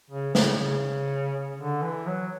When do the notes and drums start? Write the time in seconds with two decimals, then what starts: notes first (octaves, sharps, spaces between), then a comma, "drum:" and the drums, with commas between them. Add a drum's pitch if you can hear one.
0.10 C#3
0.35 C#3, drum: snare
0.59 C#3
1.57 D3
1.82 E3
2.06 F#3